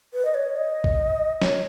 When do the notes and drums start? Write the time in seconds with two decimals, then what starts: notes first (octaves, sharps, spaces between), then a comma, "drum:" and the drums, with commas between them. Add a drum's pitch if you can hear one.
0.14 B4
0.25 D#5
0.34 C#5
0.56 D#5
0.84 drum: kick
1.42 C#5, drum: snare